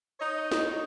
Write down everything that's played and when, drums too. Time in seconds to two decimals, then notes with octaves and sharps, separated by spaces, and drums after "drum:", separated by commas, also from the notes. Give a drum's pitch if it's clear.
0.20 D#4 C#5 D#5
0.52 drum: snare